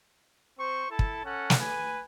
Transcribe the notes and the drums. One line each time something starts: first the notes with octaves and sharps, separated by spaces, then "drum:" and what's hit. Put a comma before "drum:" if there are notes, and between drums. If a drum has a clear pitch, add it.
C4 C5 C#6
E4 A4 A5
drum: kick
C#4 A4 F#5
drum: snare
B4 G#5